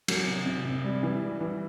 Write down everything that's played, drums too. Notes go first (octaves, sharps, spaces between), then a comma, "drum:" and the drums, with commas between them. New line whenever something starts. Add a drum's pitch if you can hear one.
F#3, drum: cymbal
C3
C3
C3
G3
E3
G3
E3